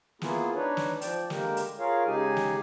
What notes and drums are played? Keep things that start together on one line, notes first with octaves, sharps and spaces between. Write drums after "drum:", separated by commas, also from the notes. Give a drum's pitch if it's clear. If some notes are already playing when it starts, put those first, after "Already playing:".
A#3 B3 E4 F4 G#4, drum: snare
D4 D#4 B4 C#5
drum: snare
F3 D5 G5, drum: hi-hat
D3 G#3 A#3 G4 A#4 G5, drum: snare
drum: hi-hat
F4 G#4 A#4 C#5 F5
C#3 G#3 D#4 G4 G#4 G#5
drum: snare